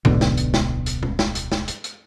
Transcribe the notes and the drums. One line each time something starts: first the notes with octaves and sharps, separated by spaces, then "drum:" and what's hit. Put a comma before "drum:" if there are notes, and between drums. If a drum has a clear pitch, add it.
D1 B1 B2 D3, drum: tom G#2
drum: snare
drum: hi-hat
drum: snare
drum: hi-hat
drum: tom B2
drum: snare
drum: hi-hat
drum: snare
drum: hi-hat
drum: hi-hat